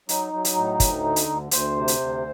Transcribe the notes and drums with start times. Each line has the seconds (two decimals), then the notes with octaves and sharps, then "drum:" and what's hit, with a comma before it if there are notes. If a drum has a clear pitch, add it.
0.09 F#3 D#4, drum: hi-hat
0.33 F#3
0.45 drum: hi-hat
0.56 A2
0.80 D2, drum: kick, hi-hat
1.04 D3
1.16 drum: hi-hat
1.29 D2
1.51 D2 C5, drum: hi-hat
1.76 C3
1.88 drum: hi-hat
2.00 D2